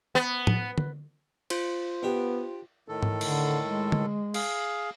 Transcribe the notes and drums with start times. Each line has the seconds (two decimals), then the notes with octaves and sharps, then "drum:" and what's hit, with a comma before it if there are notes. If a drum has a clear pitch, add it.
0.15 B3
0.47 drum: tom A2
0.78 drum: tom D3
1.50 F4 C5, drum: cymbal
2.03 B3 D4 G4
2.88 A2 D#3 A4
3.03 drum: tom G#2
3.21 D3, drum: cymbal
3.64 G#3
3.92 drum: tom D3
4.34 G#4 F5, drum: cymbal